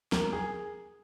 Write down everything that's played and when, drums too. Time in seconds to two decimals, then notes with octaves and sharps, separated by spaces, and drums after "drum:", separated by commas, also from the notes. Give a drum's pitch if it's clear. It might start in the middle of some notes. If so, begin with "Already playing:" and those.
0.12 A#4, drum: snare
0.33 G#4